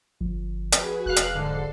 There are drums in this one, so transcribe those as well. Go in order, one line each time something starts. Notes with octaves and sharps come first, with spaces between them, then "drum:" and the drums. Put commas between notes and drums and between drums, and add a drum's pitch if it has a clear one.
G1 F3
F#4 G#4 B4, drum: hi-hat
E1 F5 F#6
drum: hi-hat
G#2 D3 A4 C7